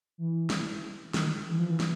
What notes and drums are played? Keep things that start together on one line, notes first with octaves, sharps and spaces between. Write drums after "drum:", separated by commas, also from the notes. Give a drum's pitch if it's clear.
E3
drum: snare
D#3, drum: snare
E3
F3
E3
drum: snare